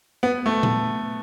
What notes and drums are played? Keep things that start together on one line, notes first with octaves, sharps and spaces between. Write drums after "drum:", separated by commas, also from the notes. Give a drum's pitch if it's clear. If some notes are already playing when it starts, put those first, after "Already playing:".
B3
A3
drum: tom A#2